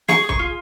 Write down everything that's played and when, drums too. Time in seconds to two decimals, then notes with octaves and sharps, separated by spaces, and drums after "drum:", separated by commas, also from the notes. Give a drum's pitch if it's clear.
0.08 G#4 C#6, drum: snare
0.24 G#4
0.29 C#6, drum: kick
0.39 F4